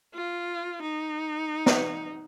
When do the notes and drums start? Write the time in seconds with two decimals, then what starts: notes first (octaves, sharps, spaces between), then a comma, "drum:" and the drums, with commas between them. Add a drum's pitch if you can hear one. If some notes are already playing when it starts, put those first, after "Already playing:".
0.15 F4
0.82 D#4
1.66 drum: snare